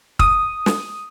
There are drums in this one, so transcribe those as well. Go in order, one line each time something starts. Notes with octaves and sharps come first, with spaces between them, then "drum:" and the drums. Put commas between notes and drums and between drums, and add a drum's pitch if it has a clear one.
D#6, drum: kick
drum: snare